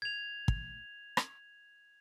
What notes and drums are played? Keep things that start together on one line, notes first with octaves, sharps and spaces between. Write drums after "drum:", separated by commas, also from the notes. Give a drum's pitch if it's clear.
G#6 F7
drum: kick
drum: rim click